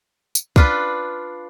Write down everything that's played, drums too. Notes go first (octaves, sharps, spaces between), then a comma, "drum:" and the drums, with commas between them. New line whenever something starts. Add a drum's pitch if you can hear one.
drum: tambourine
D4 F4 B4, drum: kick C2